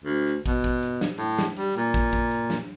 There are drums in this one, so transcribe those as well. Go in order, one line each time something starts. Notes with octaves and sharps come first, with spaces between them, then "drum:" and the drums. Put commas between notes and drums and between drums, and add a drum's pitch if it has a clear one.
D2
drum: hi-hat
B2, drum: kick, hi-hat
drum: kick, hi-hat
drum: hi-hat
drum: snare
A2, drum: hi-hat
drum: snare
G3, drum: hi-hat
A#2, drum: hi-hat
drum: kick, hi-hat
drum: kick
drum: hi-hat
drum: snare